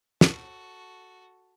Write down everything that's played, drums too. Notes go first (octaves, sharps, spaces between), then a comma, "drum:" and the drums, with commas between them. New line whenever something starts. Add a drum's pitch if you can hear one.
F#4 A4, drum: snare